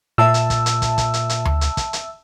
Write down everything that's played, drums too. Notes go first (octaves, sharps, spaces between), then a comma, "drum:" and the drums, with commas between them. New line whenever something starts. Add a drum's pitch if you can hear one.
A#2 E5 A5 E6
drum: hi-hat
drum: kick, hi-hat
drum: hi-hat
drum: kick, hi-hat
drum: kick, hi-hat
drum: hi-hat
drum: hi-hat
drum: tom D2
drum: hi-hat
drum: kick, hi-hat
drum: hi-hat